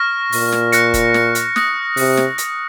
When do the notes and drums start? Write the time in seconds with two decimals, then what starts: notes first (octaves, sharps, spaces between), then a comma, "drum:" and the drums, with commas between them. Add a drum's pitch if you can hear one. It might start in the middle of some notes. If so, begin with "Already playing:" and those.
Already playing: C#6 F6 A#6
0.32 A#2, drum: open hi-hat
0.52 drum: snare
0.72 F#6 A#6 C#7, drum: hi-hat
0.94 drum: kick F1, hi-hat
1.14 drum: snare
1.35 drum: hi-hat
1.56 D#6 F#6 A#6, drum: snare
1.97 C3, drum: open hi-hat
2.17 drum: snare
2.38 drum: hi-hat